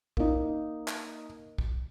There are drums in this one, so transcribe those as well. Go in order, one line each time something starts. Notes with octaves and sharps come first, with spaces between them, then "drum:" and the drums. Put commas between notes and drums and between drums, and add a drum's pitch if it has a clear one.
A#3 D#4, drum: kick
drum: clap
drum: kick